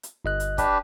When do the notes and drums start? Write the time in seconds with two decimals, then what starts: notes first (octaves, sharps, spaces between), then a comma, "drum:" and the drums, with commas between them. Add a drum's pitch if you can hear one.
0.03 drum: hi-hat
0.25 G1 D#5 F#6
0.40 drum: hi-hat
0.58 D4 G4 B4, drum: kick, hi-hat